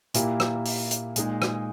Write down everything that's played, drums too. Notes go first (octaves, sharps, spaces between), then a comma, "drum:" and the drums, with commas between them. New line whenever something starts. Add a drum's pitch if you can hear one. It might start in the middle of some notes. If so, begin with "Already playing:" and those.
A#2 A#3 E4 G4, drum: hi-hat
drum: rim click
drum: open hi-hat
drum: hi-hat
A#2 G#3 D#4 G#4, drum: hi-hat
drum: rim click